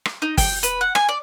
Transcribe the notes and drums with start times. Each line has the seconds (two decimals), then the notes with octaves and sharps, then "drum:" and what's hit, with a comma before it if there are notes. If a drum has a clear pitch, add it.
0.05 drum: rim click
0.22 D#4
0.38 G5, drum: kick, open hi-hat
0.63 B4, drum: hi-hat
0.81 F#5
0.95 G#5, drum: rim click
1.09 D5